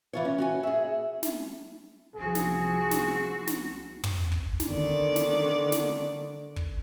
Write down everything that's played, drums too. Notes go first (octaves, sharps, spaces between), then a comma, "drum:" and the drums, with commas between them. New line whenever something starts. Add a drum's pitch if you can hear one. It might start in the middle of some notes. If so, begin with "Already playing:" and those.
E3 F4 C#5
C#4
F#4 C#5 G#5
G#4 E5
drum: snare
C2 F3 C4 F#4 G#4
drum: snare
drum: snare
drum: snare
drum: tom
drum: kick
drum: snare
D3 D#3 D5
drum: snare
drum: snare
drum: kick